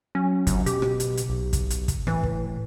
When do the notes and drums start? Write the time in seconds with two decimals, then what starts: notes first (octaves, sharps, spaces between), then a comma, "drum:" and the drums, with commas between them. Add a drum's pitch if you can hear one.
0.15 F#3 C#4
0.47 G1, drum: kick, hi-hat
0.66 B2 G4, drum: hi-hat
0.82 drum: rim click
1.00 drum: hi-hat
1.17 drum: hi-hat
1.29 B1
1.53 drum: kick, hi-hat
1.70 drum: hi-hat
1.88 drum: kick, hi-hat
2.07 A2 E3, drum: rim click
2.23 drum: kick